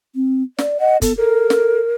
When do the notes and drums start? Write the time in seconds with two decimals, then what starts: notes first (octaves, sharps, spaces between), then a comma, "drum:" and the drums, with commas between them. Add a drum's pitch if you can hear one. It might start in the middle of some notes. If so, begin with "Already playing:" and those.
0.15 C4
0.59 D5, drum: snare
0.80 D#5 F#5
1.02 B3 A4, drum: kick, hi-hat
1.17 A4 A#4
1.50 drum: snare